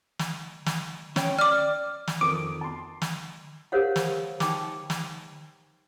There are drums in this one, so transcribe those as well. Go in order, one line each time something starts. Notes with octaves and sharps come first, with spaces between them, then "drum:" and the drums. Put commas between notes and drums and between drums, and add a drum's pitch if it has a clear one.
drum: snare
drum: snare
C#4 C#5 G5, drum: snare
D5 D6 F6
drum: snare
F2 D#3 D6 D#6
A5 C6
drum: snare
G4 A#4 C5 C#5 F5 F#5
drum: snare
D#4 G5 C#6 D6, drum: snare
drum: snare